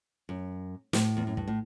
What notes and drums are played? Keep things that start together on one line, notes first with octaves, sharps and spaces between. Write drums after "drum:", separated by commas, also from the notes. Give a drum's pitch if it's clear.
F#2
A2, drum: snare
E2
F#2
G2, drum: kick
A2